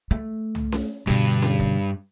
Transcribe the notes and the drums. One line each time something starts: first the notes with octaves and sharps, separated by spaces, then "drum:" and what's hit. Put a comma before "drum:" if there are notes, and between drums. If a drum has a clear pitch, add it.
A3
drum: tom
drum: snare C#4
G2 B2 D3
drum: snare C#4
drum: kick F1